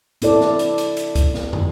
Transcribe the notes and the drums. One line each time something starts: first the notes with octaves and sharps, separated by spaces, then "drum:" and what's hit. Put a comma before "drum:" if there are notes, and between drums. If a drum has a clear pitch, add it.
C4 E4 A4 D5, drum: hi-hat
drum: snare
drum: hi-hat
drum: hi-hat
drum: hi-hat
drum: kick, hi-hat
drum: snare
drum: tom